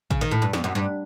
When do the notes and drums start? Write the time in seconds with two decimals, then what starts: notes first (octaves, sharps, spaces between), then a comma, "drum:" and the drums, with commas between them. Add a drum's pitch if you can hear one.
0.11 C#3, drum: kick A1
0.21 D#3
0.31 A2
0.42 G2
0.53 F2, drum: snare
0.64 F#2
0.75 G2